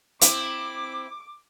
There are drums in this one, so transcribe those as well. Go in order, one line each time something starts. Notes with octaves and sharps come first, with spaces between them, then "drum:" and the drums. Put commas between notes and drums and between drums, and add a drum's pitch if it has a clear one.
C4 E4 D6, drum: hi-hat